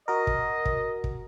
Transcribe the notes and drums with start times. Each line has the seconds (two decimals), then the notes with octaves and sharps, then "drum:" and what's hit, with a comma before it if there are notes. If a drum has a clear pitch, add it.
0.08 F#4 A#4 D#5
0.27 drum: kick
0.65 drum: kick
1.04 drum: kick